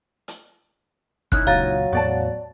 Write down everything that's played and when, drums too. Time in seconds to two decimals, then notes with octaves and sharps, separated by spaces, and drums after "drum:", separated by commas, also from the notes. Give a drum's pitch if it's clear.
0.28 drum: hi-hat
1.32 C#4 D#4 E4 F#6, drum: kick
1.47 C#2 A#2 F#3 F5 A#5 A6
1.93 E2 A2 B3 F#4 D5 A5